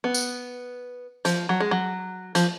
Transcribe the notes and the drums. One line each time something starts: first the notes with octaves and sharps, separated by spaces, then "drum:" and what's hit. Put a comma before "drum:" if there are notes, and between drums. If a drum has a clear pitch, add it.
B3
drum: tambourine
F3, drum: hi-hat
F#3
G#3
F#3
F3, drum: hi-hat